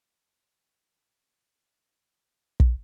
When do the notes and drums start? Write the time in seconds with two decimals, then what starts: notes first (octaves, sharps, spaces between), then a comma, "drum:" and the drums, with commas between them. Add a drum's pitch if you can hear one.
0.80 D2 B2 E3 G#3 G#4 D6
2.60 drum: kick